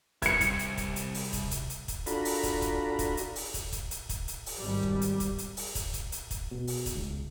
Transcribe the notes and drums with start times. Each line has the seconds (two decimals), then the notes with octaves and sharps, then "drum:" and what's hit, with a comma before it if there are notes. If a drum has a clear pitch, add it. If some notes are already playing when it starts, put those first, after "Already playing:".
0.22 C2 G#6 C#7, drum: kick, hi-hat
0.41 drum: kick, hi-hat
0.59 drum: hi-hat
0.78 drum: kick, hi-hat
0.96 drum: hi-hat
1.14 drum: open hi-hat
1.33 drum: kick, hi-hat
1.51 drum: kick, hi-hat
1.70 drum: hi-hat
1.88 drum: kick, hi-hat
2.06 D4 F4 F#4 A4 A#5 B5, drum: hi-hat
2.25 drum: open hi-hat
2.43 drum: kick, hi-hat
2.62 drum: kick, hi-hat
2.99 drum: kick, hi-hat
3.17 drum: hi-hat
3.36 drum: open hi-hat
3.54 drum: kick, hi-hat
3.72 drum: kick, hi-hat
3.91 drum: hi-hat
4.09 drum: kick, hi-hat
4.28 drum: hi-hat
4.46 drum: open hi-hat
4.58 G#1 G3
4.83 drum: kick
5.02 drum: hi-hat
5.20 drum: kick, hi-hat
5.38 drum: hi-hat
5.57 drum: open hi-hat
5.75 drum: kick, hi-hat
5.94 drum: kick, hi-hat
6.12 drum: hi-hat
6.31 drum: kick, hi-hat
6.51 B2
6.67 drum: open hi-hat
6.86 drum: kick, hi-hat
6.95 C#2